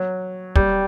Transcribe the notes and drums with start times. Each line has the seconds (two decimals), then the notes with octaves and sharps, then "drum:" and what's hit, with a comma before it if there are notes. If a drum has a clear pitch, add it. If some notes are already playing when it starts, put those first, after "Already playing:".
Already playing: F#3
0.55 G3, drum: kick